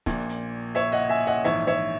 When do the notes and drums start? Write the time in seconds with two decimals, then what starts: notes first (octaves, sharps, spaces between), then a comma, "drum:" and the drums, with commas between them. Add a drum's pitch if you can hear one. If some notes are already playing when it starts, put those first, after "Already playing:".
0.06 A#1 A#2, drum: kick, hi-hat
0.29 drum: hi-hat
0.75 C#5 E5, drum: hi-hat
0.92 D#5 F#5
1.10 E5 G#5
1.27 D#5 F#5
1.44 A#1 G#2 E3 C#5 E5, drum: hi-hat
1.67 C#5 E5, drum: hi-hat